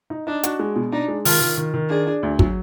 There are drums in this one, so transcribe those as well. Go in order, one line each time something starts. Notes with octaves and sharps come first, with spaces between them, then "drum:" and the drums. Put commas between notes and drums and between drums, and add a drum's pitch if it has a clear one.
D#4
D4 D#4
F#4, drum: hi-hat
G#3
B2
D4 D#4
G#3
D#3 F4, drum: open hi-hat
D#3
D#3
D#3
D4 G#4
D4
D2
F#3, drum: kick